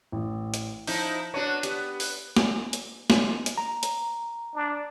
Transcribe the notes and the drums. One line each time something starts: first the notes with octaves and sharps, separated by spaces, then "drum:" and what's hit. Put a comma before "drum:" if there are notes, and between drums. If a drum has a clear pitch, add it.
A1
drum: hi-hat
F3 D#4 E4 G6, drum: open hi-hat
B3 D4 F#4 C#5 C#7 D#7
B3 G4, drum: hi-hat
drum: open hi-hat
drum: snare
drum: hi-hat
drum: snare
drum: hi-hat
A#5
drum: hi-hat
D4